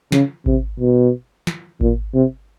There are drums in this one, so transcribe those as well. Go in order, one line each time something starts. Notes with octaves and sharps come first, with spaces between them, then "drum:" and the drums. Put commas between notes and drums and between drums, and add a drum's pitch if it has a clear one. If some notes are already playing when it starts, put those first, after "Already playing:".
C#3, drum: snare
C3, drum: kick G#1
B2
drum: snare
A#2, drum: kick G#1
C3